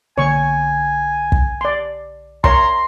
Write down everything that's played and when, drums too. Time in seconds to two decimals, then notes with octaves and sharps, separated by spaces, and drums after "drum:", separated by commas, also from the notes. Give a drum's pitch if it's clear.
0.18 B1 D3 A#3 C#5 G#5 C#6
1.32 drum: kick
1.61 D5 C6
2.44 A#4 C#5 A#5 C6, drum: kick